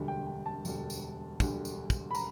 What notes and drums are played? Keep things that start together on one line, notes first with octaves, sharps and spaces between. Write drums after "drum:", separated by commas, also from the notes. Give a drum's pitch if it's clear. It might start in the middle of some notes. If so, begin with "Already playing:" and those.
Already playing: E1 D2 D3 G3
G5
G5
A5
E1 D2 D3 G3, drum: tambourine
drum: tambourine
E1 D2 D3 G3, drum: kick, tambourine
drum: tambourine
drum: kick, tambourine
B5
A#5, drum: tambourine